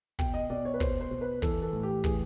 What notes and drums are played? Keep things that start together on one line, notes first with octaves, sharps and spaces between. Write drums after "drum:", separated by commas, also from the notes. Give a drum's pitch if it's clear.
B2 G5, drum: kick
D#5
B2 D5
C#5
B4
B2 C5, drum: kick, hi-hat
C5
B2
B4
E3 A4, drum: kick, hi-hat
A4
A2
G4
E3 G#4, drum: kick, hi-hat